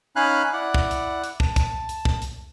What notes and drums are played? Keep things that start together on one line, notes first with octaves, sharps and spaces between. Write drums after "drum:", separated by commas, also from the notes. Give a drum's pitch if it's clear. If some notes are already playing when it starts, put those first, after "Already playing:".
C#4 D#4 F5 G#5 B5 F#6
E4 D5 F#5
drum: kick
drum: hi-hat
drum: hi-hat
A5, drum: kick
drum: kick, hi-hat
drum: hi-hat
drum: kick
drum: hi-hat